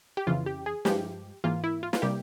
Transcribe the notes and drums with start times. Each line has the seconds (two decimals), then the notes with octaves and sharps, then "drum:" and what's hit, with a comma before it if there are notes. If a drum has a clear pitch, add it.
0.17 G4
0.27 F2 C#3 E3 F4
0.46 G4
0.66 G#4
0.85 G2 F3 G#3 G4, drum: snare
1.44 G#2 E3 A#3 F4
1.64 E4
1.83 F4
1.93 F4, drum: snare
2.02 C3 G3 A#3 G4